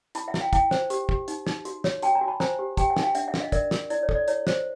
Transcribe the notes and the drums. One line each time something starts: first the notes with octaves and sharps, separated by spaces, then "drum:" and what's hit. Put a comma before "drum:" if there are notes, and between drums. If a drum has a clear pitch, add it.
E4 A5 B5, drum: hi-hat
E5 F#5
E4, drum: snare
F5 G5
E4 F5 G5, drum: kick, hi-hat
C5, drum: snare
G4, drum: hi-hat
G4, drum: kick
D#4, drum: hi-hat
D#4, drum: snare
F#4, drum: hi-hat
C#5, drum: snare
F#4 G5 A5, drum: hi-hat
G#5 A#5
F#4
A5 B5
C5 G#5 A#5, drum: snare
G4
G4 G5 A5, drum: kick, hi-hat
F#5 G#5
D#4, drum: snare
F5 G5
D4 E5 F#5, drum: hi-hat
E5 F#5
D4, drum: snare
D#5 F5
A#4 D5 E5, drum: kick, hi-hat
A#4, drum: snare
E4 D5, drum: hi-hat
C#5
A4, drum: kick
D5
E4 C#5, drum: hi-hat
C5, drum: snare